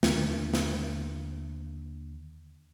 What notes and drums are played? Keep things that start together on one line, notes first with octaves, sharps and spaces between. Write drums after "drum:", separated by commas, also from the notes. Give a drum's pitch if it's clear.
D#2 D3, drum: snare
drum: snare